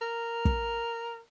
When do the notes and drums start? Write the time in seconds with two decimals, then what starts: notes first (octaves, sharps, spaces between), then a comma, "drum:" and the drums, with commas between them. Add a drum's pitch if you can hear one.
0.01 A#4
0.45 drum: kick